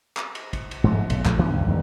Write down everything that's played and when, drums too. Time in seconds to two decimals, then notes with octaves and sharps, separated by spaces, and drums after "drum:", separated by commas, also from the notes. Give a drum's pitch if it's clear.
0.17 drum: clap
0.35 drum: cymbal
0.53 drum: kick, cymbal
0.71 drum: cymbal
0.84 G#2 F3 A3
1.10 B1, drum: cymbal
1.25 A#1 F3 A3, drum: clap
1.38 D2 E3 B3 D4
1.53 C#2 G2 D#3
1.68 E2 G#2 D#3 G3